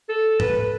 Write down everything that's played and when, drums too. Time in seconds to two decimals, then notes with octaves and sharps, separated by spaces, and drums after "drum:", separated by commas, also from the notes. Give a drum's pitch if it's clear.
0.09 A4
0.40 B4, drum: tom